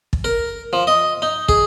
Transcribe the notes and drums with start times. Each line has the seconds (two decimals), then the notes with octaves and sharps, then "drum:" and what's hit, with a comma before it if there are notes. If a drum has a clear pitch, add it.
0.13 drum: kick
0.24 A#4
0.73 F3
0.87 D#5
1.22 D#4
1.49 G#4, drum: kick